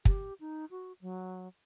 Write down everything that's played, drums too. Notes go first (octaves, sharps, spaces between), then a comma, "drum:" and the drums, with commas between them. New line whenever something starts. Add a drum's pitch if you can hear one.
G4, drum: kick
D#4
F#4
F#3